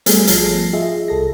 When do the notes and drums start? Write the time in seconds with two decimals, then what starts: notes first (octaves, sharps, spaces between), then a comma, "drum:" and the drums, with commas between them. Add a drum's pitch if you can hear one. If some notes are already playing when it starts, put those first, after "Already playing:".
0.06 G3 A3 B3 G#4, drum: hi-hat
0.27 G#1 F3 A5 A#6 C7, drum: hi-hat
0.73 F4 G#4 D#5 E5
1.08 C2 A4 A#6